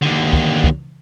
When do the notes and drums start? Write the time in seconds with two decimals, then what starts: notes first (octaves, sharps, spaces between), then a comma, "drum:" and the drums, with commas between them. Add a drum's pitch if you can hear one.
0.02 D#2 D3
0.33 drum: kick
0.64 drum: kick